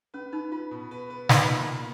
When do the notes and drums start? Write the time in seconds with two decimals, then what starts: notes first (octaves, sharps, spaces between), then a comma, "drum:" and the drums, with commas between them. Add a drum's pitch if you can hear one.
0.14 C#4 B4
0.32 D#4 B4
0.52 F4 B4
0.71 B2
0.91 B4
1.10 B4
1.29 D#4 B4, drum: snare
1.48 A#3 F4
1.68 A#3